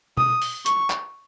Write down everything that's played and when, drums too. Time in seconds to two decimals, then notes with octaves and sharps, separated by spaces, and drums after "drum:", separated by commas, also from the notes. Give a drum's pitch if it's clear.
0.17 D#6, drum: tom B2
0.42 drum: open hi-hat
0.66 C#6, drum: hi-hat
0.90 drum: clap